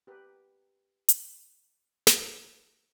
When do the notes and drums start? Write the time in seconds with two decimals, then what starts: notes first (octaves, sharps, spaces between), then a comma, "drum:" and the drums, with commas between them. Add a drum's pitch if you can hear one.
0.07 G4 A#4 B4
1.09 drum: hi-hat
2.07 drum: snare